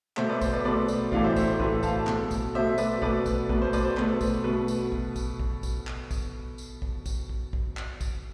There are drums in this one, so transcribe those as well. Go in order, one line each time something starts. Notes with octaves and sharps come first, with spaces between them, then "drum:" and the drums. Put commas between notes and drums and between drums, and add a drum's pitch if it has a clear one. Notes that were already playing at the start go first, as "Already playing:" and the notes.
B2 A3 C5 E5, drum: clap
B4 D5
C5, drum: kick, tambourine
B4 D5
B2 A3 B4 D5
drum: tambourine
A2 E3 A3 D5 F5, drum: kick
C5 E5
C5, drum: kick, tambourine
C5
A2 E3 A3 B4, drum: kick
F5 A5, drum: kick, tambourine
B2 A3, drum: clap
drum: kick, tambourine
B2 A3 C5 E5
B4 D5, drum: tambourine
B2 A3 B4 D5, drum: kick
drum: kick, tambourine
B2 A3 B4, drum: kick
C5
B4 D5, drum: kick, tambourine
C5
B2 A3 B4, drum: clap
drum: kick, tambourine
B2 A3 B4
drum: tambourine
drum: kick
drum: kick, tambourine
drum: kick
drum: kick, tambourine
drum: clap
drum: kick, tambourine
drum: tambourine
drum: kick
drum: kick, tambourine
drum: kick
drum: kick
drum: clap
drum: kick, tambourine